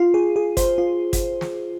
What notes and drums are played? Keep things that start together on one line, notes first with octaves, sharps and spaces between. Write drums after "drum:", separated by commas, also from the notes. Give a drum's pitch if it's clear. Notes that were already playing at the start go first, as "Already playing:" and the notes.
Already playing: F4
G#4
G#4
C5, drum: kick, hi-hat
F4
drum: kick, hi-hat
drum: snare